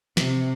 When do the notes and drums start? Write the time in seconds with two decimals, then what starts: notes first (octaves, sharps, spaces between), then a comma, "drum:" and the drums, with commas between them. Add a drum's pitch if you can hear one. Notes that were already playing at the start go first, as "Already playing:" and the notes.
0.17 C3, drum: snare